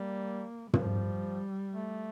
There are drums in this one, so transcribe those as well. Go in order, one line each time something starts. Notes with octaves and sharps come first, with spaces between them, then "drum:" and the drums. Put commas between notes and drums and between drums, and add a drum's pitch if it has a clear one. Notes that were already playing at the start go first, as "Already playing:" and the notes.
Already playing: G3 A#3
F3 G3, drum: tom
A3